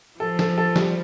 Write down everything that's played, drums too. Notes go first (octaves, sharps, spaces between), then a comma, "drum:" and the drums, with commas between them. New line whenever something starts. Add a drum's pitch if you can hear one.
F3 A4
A4, drum: snare
A4
G3, drum: snare